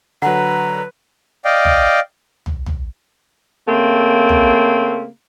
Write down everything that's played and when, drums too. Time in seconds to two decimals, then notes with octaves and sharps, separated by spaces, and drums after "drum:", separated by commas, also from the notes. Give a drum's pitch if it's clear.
0.22 D3 F#3 B4 F#5 A#5
1.45 D5 D#5 F5 G5
1.65 drum: tom
2.46 drum: tom
2.66 drum: tom
3.67 C#3 A3 A#3 C4
4.29 drum: tom